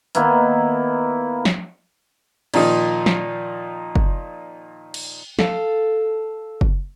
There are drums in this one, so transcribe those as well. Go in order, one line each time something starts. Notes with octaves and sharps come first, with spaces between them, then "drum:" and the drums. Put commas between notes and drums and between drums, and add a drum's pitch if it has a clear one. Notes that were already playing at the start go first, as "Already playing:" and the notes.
D#3 A#3 B3 E4, drum: hi-hat
drum: snare
A#2 D#3 F3 D#4, drum: cymbal
drum: snare
drum: kick
drum: cymbal
A4 F5, drum: snare
drum: kick